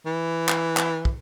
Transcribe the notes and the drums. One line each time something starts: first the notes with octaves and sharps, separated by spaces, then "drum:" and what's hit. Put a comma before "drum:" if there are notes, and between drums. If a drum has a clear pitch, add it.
E3
drum: clap
drum: clap
drum: kick